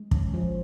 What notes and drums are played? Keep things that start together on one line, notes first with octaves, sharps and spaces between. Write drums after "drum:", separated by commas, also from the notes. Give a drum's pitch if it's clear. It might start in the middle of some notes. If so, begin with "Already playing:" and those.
Already playing: G#3
C#4, drum: kick
F3